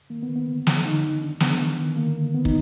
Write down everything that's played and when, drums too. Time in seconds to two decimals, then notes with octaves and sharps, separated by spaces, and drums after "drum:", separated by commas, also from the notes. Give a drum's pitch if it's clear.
0.10 D#3 A#3
0.23 B3
0.29 D#3
0.36 B3
0.48 D3
0.67 D3, drum: snare
0.85 D3 D#4
1.04 D3
1.22 D#3 D4
1.40 D#3 B3, drum: snare
1.60 D#3
1.78 D#3
1.96 D3 A#3
2.16 D3
2.34 D#3 B3
2.45 D#4, drum: kick